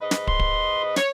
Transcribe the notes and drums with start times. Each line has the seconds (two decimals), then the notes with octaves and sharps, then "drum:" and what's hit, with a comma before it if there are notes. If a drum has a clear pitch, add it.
0.02 G#2 B4 D#5
0.11 drum: snare
0.27 C6, drum: kick
0.39 drum: kick
0.96 C#5, drum: snare